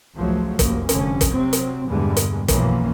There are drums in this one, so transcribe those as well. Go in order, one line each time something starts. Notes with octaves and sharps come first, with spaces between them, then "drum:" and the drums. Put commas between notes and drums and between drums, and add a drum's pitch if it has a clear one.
G#1 C#2 A2 F3 F#3 A3
F1 C2 F#2 A#3, drum: kick, hi-hat
F1 C2 D3 C#4, drum: hi-hat
drum: kick, hi-hat
C3 F#3 C4
drum: hi-hat
E2 G2 A#2 D3 G3 G#3
drum: hi-hat
B1 F#2 E3 F3 A#3 C#4, drum: kick, hi-hat